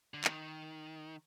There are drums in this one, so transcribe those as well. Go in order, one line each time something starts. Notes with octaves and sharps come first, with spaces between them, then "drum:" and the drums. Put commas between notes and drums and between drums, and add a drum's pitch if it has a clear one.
D3
D#3, drum: clap